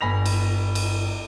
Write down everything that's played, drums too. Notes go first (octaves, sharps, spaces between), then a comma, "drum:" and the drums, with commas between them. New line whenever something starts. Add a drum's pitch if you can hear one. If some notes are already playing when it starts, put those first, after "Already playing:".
G1 G#5 B5 A#6 F7
drum: cymbal
drum: cymbal